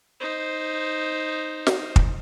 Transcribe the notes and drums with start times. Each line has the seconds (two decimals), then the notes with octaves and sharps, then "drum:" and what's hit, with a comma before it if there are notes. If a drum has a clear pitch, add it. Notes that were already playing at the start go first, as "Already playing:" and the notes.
0.20 D#4 C5
1.67 drum: snare
1.96 drum: kick